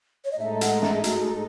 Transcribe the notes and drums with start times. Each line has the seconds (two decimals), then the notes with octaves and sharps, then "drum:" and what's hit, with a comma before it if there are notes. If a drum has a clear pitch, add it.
0.25 C#5
0.32 D#5
0.39 A2 G#3 D#4 A4 E5
0.61 F#5, drum: hi-hat
0.82 E5, drum: snare
1.04 F#4, drum: hi-hat